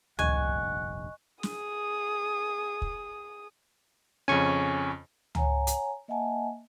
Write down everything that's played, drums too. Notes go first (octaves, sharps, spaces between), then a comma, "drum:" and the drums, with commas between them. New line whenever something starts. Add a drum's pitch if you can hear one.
F1 A#1 G2 D#5 F#5 G#5 C#6 F#6, drum: tom C#2
G#4 D#6, drum: snare
drum: kick
F2 C#3 C#4 G#5 C#6
C#5 F#5 G#5 A#5, drum: tom C#2
drum: hi-hat
A#3 D#5 E5 F#5 G#5 A5